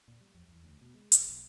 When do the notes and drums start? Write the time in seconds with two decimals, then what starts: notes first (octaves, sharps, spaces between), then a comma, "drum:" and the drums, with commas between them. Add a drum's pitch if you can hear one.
0.08 A#2
0.21 G3
0.34 F2
0.48 E2
0.64 D2
0.81 B2
0.94 G#3
1.12 F1, drum: hi-hat
1.28 B1